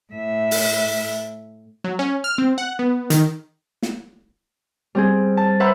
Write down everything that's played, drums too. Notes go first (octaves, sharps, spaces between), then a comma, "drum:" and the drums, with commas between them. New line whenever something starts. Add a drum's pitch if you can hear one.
A2 E5
drum: open hi-hat
F#3
C#4
F6
C4
F#5
B3
D#3, drum: hi-hat
drum: snare
G3 C4 G#4
A5
B4 C5 E5 F#5 A#5